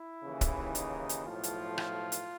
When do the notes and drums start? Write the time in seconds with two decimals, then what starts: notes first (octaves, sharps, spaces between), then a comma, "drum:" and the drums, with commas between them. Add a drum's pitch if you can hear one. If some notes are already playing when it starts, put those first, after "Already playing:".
Already playing: E4
0.23 D#2 C#3 E3
0.41 drum: kick, hi-hat
0.75 D#4, drum: hi-hat
1.09 drum: hi-hat
1.26 B1 A2 F3 F4
1.43 drum: hi-hat
1.78 drum: rim click
2.12 drum: hi-hat